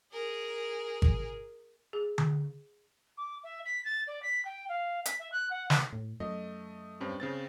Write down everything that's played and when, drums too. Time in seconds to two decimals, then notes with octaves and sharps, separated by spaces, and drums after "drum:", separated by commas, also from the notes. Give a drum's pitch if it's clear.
0.12 G#4 A#4
1.02 drum: kick G#1
1.93 G#4
2.18 drum: tom D3
3.17 D6
3.44 E5
3.66 B6
3.85 A6
4.07 D5
4.22 B6
4.45 G5
4.69 F5
5.06 B6, drum: hi-hat
5.19 E5
5.32 F#6
5.50 F#5
5.70 drum: snare
5.93 A2
6.20 F#2 A3 D#5
7.00 G2 C4 C#4
7.20 C#3 C4 A6